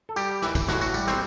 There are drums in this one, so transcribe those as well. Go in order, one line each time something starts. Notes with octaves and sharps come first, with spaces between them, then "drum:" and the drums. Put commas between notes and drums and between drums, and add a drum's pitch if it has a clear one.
A4
G3 G4, drum: tambourine
E3, drum: snare
drum: kick, tambourine
A2 F#4, drum: snare
F#4, drum: tambourine
G3, drum: tambourine
C4, drum: snare